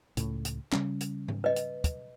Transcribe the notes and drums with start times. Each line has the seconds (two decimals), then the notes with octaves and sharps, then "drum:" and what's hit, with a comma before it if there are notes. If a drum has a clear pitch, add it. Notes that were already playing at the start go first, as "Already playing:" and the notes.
0.17 C#2 A2, drum: hi-hat
0.45 drum: hi-hat
0.72 C#3 G3 C#4, drum: clap
1.01 drum: hi-hat
1.28 drum: tom G#2
1.44 B4 D#5
1.56 drum: hi-hat
1.84 drum: kick, hi-hat